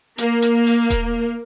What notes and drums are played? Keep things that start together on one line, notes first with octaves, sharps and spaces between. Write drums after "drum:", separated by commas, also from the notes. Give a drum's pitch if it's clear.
A#3, drum: hi-hat
drum: hi-hat
drum: open hi-hat
drum: kick D#1, hi-hat